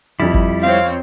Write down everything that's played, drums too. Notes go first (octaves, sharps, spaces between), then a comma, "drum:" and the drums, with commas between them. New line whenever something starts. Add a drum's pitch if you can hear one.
F2 G3 E4 A6
drum: kick G#1
C4 C#5 F5